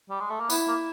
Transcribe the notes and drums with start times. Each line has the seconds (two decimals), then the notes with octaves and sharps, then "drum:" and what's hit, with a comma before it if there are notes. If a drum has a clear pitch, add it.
0.10 G3
0.20 G#3
0.30 A3
0.40 A#3
0.50 B3 E4, drum: tambourine
0.68 A#3